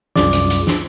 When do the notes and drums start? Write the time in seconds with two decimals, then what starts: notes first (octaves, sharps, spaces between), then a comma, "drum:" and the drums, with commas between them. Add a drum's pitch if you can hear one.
0.16 C2 F#2 F4 G#4 D5 D6, drum: snare
0.33 drum: hi-hat
0.50 drum: hi-hat
0.67 drum: snare